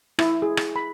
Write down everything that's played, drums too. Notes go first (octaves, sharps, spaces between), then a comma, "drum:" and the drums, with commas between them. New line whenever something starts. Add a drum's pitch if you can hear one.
E4, drum: rim click
G#4
drum: rim click
B5